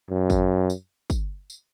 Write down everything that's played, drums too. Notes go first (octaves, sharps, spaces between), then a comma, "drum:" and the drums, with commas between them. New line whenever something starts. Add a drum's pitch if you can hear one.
F#2
drum: kick, tambourine
drum: tambourine
drum: kick, tambourine
drum: tambourine